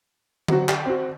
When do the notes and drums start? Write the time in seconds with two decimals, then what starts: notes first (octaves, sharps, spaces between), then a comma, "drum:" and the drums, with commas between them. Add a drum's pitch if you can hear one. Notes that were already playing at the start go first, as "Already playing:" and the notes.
0.48 F#3 C4 F#4, drum: tom D3
0.69 G4, drum: clap
0.86 C4 F#4